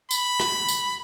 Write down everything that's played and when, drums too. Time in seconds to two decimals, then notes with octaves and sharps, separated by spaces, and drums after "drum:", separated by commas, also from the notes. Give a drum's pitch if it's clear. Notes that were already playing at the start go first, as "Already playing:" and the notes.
0.11 B5, drum: tambourine
0.40 drum: rim click
0.68 drum: tambourine